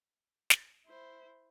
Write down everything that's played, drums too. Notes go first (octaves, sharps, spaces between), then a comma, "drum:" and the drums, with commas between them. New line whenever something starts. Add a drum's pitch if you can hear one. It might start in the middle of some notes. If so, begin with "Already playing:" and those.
drum: snare
E4 C5